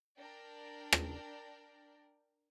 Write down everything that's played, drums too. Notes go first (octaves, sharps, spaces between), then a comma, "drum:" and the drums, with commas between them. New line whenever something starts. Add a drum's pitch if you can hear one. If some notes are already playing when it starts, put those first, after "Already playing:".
D4 A#4 D5 G5
drum: rim click